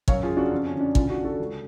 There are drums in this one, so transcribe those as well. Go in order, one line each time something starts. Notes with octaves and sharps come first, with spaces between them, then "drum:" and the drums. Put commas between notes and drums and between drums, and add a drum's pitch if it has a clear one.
F#2 C#5 F5, drum: kick
F4 G#4
C#3
D4 F#4
F2 C#4 F4
C#4
D3
D4
D2 C#4 F4, drum: kick
D4 F#4
D3
F#4 A4
C#2